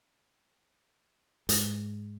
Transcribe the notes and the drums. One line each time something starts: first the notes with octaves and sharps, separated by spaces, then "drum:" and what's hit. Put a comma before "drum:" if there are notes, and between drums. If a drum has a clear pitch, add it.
G#2, drum: hi-hat